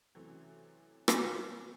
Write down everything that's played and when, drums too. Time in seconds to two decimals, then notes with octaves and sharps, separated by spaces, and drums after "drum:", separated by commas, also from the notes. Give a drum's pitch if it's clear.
0.15 C3 E3 F#3 A3 C4 C#4
1.08 drum: rim click